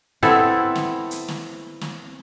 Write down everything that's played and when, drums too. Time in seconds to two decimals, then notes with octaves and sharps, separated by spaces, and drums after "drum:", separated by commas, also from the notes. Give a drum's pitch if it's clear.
0.22 B3 C4 E4 A4, drum: snare
0.75 drum: snare
1.11 drum: hi-hat
1.28 drum: snare
1.81 drum: snare